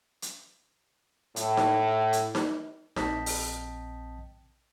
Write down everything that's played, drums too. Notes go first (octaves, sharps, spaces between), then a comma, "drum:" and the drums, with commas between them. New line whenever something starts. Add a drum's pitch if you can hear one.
drum: hi-hat
A2, drum: hi-hat
drum: snare D#4
drum: hi-hat
drum: snare D#4
A#1 C4 D#5 G5 A5 B6, drum: snare D#4
drum: open hi-hat